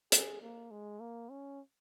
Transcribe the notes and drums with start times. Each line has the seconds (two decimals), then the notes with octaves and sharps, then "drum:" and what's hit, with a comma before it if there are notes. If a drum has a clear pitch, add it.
0.12 G#4, drum: hi-hat
0.42 A#3
0.71 G#3
1.00 A#3
1.30 C#4